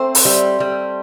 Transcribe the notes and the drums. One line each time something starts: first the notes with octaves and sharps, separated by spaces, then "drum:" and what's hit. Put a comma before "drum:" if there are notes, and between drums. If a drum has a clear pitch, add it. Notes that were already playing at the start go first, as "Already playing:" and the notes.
Already playing: A3 C4 C5
drum: open hi-hat
G3
G3